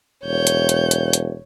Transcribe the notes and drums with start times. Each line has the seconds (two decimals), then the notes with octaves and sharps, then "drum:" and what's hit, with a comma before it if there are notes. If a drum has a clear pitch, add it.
0.24 E1 C#5 G6
0.47 drum: hi-hat
0.69 drum: hi-hat
0.91 drum: hi-hat
1.13 drum: hi-hat